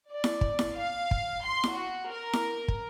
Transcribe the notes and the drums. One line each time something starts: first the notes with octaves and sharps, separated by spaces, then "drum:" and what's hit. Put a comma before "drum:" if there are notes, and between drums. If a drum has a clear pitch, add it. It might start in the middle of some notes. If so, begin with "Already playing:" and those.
D5
drum: snare E4
drum: kick
drum: snare E4
F5
drum: kick
C6
drum: snare E4
F#4
A#4
drum: snare E4
drum: kick